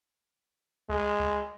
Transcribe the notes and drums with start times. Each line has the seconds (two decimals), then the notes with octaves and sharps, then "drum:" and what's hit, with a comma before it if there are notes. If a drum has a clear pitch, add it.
0.89 G#3, drum: kick C#2
1.20 drum: kick C#2